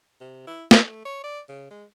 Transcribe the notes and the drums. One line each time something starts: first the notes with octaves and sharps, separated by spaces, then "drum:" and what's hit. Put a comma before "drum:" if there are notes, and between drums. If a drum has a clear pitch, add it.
C3
E4
A3, drum: snare
C#5
D5
C#3
G#3